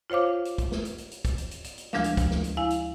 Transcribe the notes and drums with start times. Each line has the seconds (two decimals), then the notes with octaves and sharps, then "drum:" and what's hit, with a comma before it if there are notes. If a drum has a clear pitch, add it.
0.10 F4 C5 C#5 F5 D6
0.45 drum: hi-hat
0.58 drum: kick, hi-hat
0.72 drum: snare
0.85 drum: hi-hat
0.98 drum: hi-hat
1.11 drum: hi-hat
1.25 drum: kick, hi-hat
1.38 drum: hi-hat
1.51 drum: hi-hat
1.64 drum: hi-hat
1.78 drum: hi-hat
1.93 D2 F3 G#3 D4 F5, drum: snare
2.04 drum: hi-hat
2.17 drum: kick, hi-hat
2.31 drum: snare
2.44 drum: hi-hat
2.57 E4 F5 G#5
2.70 drum: hi-hat